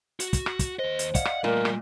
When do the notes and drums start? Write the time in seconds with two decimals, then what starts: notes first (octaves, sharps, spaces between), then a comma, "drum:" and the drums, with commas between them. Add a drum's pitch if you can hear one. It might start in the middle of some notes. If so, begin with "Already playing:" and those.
0.20 F#4, drum: hi-hat
0.33 drum: kick, hi-hat
0.46 drum: rim click
0.59 drum: kick, hi-hat
0.79 D#2 C5 D#5
0.99 drum: hi-hat
1.15 D5 D#5 F5 F#5, drum: kick, hi-hat
1.25 drum: rim click
1.44 A#2 G3 A3 A#4
1.65 drum: rim click